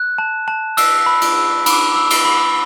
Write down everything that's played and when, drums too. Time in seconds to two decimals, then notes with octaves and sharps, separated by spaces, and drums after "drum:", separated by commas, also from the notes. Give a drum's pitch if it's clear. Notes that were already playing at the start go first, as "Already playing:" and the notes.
Already playing: F#6
0.18 A5
0.48 A5
0.77 E6, drum: cymbal
1.06 B5
1.22 drum: cymbal
1.37 E6
1.66 B5, drum: cymbal
1.96 E6
2.10 drum: cymbal
2.25 B5